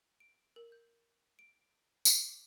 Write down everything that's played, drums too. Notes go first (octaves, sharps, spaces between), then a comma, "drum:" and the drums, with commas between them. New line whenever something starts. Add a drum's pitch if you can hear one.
D7
A#4
G6
D7
D6, drum: tambourine